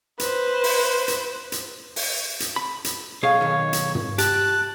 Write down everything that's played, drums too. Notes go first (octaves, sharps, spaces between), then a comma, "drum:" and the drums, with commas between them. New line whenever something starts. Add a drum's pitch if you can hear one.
B4 C5, drum: hi-hat
drum: open hi-hat
drum: hi-hat
drum: hi-hat
drum: open hi-hat
drum: hi-hat
B5
drum: hi-hat
B1 G#4 C#5 F5
B1 D#3
drum: hi-hat
drum: tom
G4 A5 F#6, drum: hi-hat